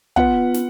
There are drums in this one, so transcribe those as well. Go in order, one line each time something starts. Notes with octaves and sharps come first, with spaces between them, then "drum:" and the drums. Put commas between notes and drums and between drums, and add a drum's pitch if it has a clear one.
B3 F4 B4 F#5, drum: kick
drum: snare